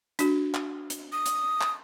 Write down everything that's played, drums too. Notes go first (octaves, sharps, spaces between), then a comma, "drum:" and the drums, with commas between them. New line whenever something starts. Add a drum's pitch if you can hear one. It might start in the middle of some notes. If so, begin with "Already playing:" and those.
D4 F#4, drum: hi-hat
drum: clap
drum: hi-hat
D#6
drum: hi-hat
drum: clap